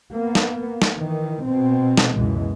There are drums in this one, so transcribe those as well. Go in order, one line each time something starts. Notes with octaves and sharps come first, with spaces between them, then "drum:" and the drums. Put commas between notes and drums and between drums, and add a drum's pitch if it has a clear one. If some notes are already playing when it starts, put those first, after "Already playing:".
A#3 B3
drum: snare
drum: snare
D#3 E3
B2 C4
drum: snare
C#2 F#2 B2 E3 G#3